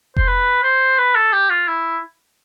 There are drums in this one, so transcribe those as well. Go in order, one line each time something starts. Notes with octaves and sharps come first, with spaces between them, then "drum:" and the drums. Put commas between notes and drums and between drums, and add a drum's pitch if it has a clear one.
C5, drum: kick F1
B4
C5
B4
A4
G4
F4
E4